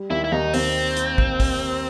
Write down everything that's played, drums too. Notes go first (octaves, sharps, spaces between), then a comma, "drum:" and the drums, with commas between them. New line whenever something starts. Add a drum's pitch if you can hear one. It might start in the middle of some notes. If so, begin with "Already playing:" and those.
Already playing: G3
D#2 E4
E4
D#2 D#4
D#2 C4, drum: open hi-hat
drum: hi-hat
drum: kick
drum: kick, open hi-hat